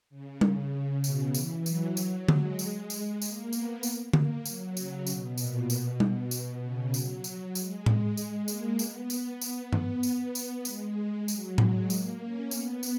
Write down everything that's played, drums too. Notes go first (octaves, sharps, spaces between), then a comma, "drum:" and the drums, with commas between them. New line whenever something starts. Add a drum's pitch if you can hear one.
C#3
C#3, drum: tom G3
C#3
B2, drum: tambourine
E3, drum: tambourine
F#3, drum: tambourine
drum: tambourine
G#3, drum: tom D3
drum: tambourine
drum: tambourine
A#3, drum: tambourine
B3, drum: tambourine
drum: tambourine
A#3, drum: tom D3
F#3, drum: tambourine
C#3, drum: tambourine
B2, drum: tambourine
A#2, drum: tambourine
B2, drum: tambourine
drum: tom G3
drum: tambourine
C#3
F#3, drum: tambourine
F#3, drum: tambourine
G#3, drum: tambourine
drum: tom A2
drum: tambourine
A#3, drum: tambourine
B3, drum: tambourine
B3, drum: tambourine
drum: tambourine
drum: tom G2
B3, drum: tambourine
B3, drum: tambourine
G#3, drum: tambourine
F#3, drum: tambourine
G#3, drum: tom A2
A#3, drum: tambourine
C#4
B3, drum: tambourine
drum: tambourine